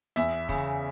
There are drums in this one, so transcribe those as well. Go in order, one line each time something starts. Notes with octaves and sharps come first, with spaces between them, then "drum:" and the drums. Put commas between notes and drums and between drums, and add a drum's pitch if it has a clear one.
E2 E5, drum: hi-hat
C#3, drum: kick, open hi-hat